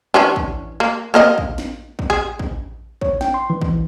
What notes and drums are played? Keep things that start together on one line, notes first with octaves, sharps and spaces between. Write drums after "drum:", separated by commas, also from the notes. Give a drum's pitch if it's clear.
E3 C#4 D4
drum: kick
A#3
A#3 A#4 D#5
drum: kick
drum: snare
drum: kick
G#4
drum: kick
C#5, drum: kick
G5, drum: snare
C6
E3
drum: kick